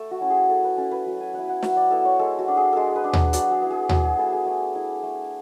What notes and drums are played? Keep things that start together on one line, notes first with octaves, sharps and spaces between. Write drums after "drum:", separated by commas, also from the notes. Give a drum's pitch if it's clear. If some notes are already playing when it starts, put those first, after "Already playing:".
Already playing: A3 A4
F#4
C#4 E4
G#4
A3 A4
B4
C#4 E4 A4
B4
F#3
G#5
B3 E4 F#5
F#5
F#3 E5, drum: snare
D5
B3 E4 A4
C#5
G#3 A4
F#4
D4
G#4
G#3 G#4 A4
B4
D4
B4, drum: tom D#2
F#3 D5, drum: hi-hat
G#4
B3 E4
G#4
F#3 G#4, drum: tom D#2
G#4
B3 E4 A4
G#4
A3
E4
A3